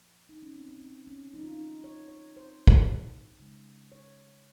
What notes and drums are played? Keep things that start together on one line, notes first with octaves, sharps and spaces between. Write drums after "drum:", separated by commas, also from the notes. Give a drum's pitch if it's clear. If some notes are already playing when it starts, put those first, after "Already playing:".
Already playing: A#2 F3 A#3
D#4
C#4
C4
C4
C4
C#4
D#3 F#3 A#3 D#4
F4
D#4
C#5
C#5
C5
drum: kick
C#3 G#3
C#5